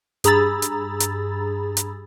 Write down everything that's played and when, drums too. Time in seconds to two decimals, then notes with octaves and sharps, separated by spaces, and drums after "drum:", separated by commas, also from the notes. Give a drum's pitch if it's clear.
0.24 G2 G#4 A#5 B5 E6 A6, drum: hi-hat
0.62 drum: hi-hat
1.00 drum: hi-hat
1.77 drum: hi-hat